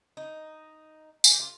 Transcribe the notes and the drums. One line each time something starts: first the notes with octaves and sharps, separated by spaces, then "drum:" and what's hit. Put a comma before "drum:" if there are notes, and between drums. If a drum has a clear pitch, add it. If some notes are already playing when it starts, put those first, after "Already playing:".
D#4
G#4, drum: tambourine
G4
F4